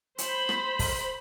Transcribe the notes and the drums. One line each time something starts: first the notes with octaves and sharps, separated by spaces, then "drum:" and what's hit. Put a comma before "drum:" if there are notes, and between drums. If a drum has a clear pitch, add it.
C5 B5, drum: hi-hat
drum: rim click
drum: kick, open hi-hat